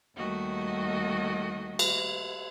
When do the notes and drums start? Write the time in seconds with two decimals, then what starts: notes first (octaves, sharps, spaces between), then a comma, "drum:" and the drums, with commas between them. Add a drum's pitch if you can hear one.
0.16 D#2 D#3 G3 A3 F#4 D#5
1.79 drum: cymbal